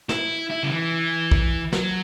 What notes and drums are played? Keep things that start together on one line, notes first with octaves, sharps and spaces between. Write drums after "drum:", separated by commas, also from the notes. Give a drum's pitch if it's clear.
E4, drum: snare
E4
C#3
E3
drum: kick A#1
F#3, drum: snare